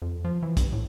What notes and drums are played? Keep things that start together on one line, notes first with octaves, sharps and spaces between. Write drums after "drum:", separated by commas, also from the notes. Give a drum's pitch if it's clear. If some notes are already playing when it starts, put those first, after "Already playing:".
F2
F3
E3
G2, drum: kick B1, hi-hat
A2